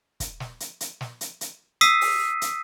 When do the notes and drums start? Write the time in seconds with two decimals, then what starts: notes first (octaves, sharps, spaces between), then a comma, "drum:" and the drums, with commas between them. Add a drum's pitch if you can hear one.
0.20 drum: kick, hi-hat
0.40 drum: snare
0.60 drum: hi-hat
0.80 drum: hi-hat
1.01 drum: snare
1.21 drum: hi-hat
1.41 drum: hi-hat
1.81 D#6 E6 B6 C7 D#7, drum: hi-hat
2.01 drum: open hi-hat
2.41 drum: hi-hat